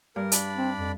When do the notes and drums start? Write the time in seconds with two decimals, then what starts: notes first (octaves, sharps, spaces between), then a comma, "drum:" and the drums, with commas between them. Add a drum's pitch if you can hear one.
0.16 G2 A#4
0.32 D4 D5 B5, drum: hi-hat
0.56 C4
0.78 F2